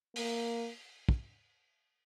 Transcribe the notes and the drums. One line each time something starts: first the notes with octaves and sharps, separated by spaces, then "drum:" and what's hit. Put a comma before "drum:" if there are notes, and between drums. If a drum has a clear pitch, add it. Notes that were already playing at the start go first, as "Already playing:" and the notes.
A#3, drum: open hi-hat
drum: kick